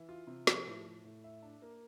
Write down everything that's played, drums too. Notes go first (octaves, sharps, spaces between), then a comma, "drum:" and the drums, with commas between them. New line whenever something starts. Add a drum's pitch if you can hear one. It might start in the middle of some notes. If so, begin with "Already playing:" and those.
Already playing: E3
F4
C3
F3, drum: snare
A2
A2
A2
E5
D4
A#3